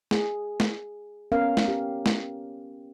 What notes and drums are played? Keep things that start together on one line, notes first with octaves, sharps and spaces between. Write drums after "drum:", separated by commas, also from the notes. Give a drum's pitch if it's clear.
G#4, drum: snare
drum: snare
B3 C#4 A#4 F5
drum: snare
G4
drum: snare